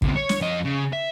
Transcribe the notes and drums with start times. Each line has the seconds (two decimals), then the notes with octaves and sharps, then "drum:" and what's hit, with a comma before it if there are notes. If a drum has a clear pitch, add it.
0.02 D2 C3, drum: kick
0.16 C#5
0.29 drum: snare
0.41 F2 D#5
0.65 C#3
0.93 E5